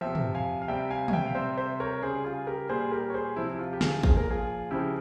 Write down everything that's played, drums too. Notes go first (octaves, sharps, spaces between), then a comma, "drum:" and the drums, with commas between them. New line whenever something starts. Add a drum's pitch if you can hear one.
C3 F3 E5 G5
drum: tom
F5 G#5
F5
C3 G3 E5 G5
F5 G#5
G#5, drum: tom
E5 G5
F5
C3 G3 C5 E5
C5 E5
A#4 C#5
C#3 G3 G#4 C5
F4 G#4
G4 A#4
A#2 G3 G#4 C5
G4 A#4
C#5
G#4 C5
C3 F3 E4
E4
F4
G4
F4 G#4, drum: snare
A#2 F3 G#4, drum: kick
A#4
F4 G#4
C#3 F3 E4 G4